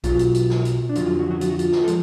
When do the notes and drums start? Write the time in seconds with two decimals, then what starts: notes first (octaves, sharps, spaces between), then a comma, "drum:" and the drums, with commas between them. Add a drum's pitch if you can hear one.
0.04 B1 B2 F#3 F4, drum: kick A#1, hi-hat
0.19 drum: hi-hat
0.34 drum: hi-hat
0.50 drum: snare
0.65 drum: hi-hat
0.89 D4
0.95 F2 D3 F#3 F4, drum: hi-hat
1.07 F4
1.19 F#3 F#4
1.30 F#3 F#4
1.41 F4, drum: hi-hat
1.50 F#4
1.59 F4, drum: hi-hat
1.72 drum: snare
1.84 A4
1.88 F3 G#3, drum: hi-hat